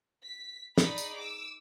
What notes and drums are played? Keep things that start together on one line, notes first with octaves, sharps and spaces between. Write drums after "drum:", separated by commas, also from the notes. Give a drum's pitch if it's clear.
B6
D#4 G#4 D5 B5, drum: snare
drum: tambourine
D6 E6